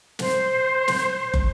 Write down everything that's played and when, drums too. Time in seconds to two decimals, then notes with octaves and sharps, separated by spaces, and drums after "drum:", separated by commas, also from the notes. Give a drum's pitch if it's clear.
0.19 C5, drum: snare
0.88 drum: snare
1.34 drum: kick